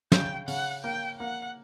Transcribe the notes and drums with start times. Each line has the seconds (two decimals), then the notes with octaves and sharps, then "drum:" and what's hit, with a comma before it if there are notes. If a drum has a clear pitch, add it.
0.12 C#3 G5, drum: snare
0.48 C#3 F#5, drum: open hi-hat
0.84 A#3 G5
1.20 A#3 F#5